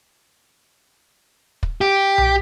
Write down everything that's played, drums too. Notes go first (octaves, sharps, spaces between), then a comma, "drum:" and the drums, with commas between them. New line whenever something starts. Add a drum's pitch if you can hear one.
drum: kick
G4
drum: tom B1